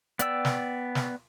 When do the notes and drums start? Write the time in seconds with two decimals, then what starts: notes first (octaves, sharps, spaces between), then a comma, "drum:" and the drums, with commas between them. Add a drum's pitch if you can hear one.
0.19 B3 D5 G5 E6, drum: hi-hat
0.45 drum: snare
0.95 drum: snare